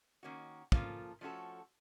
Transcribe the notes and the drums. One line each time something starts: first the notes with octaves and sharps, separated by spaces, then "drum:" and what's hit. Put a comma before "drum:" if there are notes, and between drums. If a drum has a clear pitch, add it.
D#3 A#3 C#4 F#4
C#3 F3 A#3 F4 A4, drum: kick
F3 A3 C#4 F#4 A4